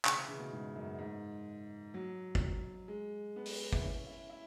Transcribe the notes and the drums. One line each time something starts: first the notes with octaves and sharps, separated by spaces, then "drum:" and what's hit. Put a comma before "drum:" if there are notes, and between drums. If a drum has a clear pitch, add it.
C#3, drum: clap
E3
C#3
B2
G#2
F#2
G#2
F#3
drum: kick
G#3
B3
drum: open hi-hat
E4, drum: kick
C#4
E4
E4